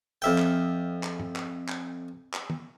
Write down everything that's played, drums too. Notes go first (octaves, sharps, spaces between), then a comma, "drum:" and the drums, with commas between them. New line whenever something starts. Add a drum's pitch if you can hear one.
F2 E5 G5
drum: clap
drum: clap
drum: tom
drum: clap
drum: clap
drum: clap
drum: tom D#3